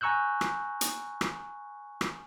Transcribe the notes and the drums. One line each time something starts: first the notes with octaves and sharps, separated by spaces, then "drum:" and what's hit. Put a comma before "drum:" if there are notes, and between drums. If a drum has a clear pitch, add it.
G#5 A#5 C#6 E6 F#6 G6
drum: rim click
drum: hi-hat
drum: rim click
drum: rim click